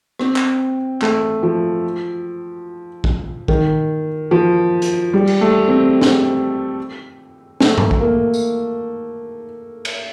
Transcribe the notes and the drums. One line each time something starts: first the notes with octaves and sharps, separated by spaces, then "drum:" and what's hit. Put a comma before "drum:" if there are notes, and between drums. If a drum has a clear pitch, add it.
C4, drum: rim click
drum: clap
A3, drum: clap
F3
drum: kick
D#3, drum: kick
F3
drum: hi-hat
G3
drum: cymbal
A3
C4
drum: snare
A3, drum: snare
drum: tom G2
drum: kick
A#3
drum: tambourine
drum: cymbal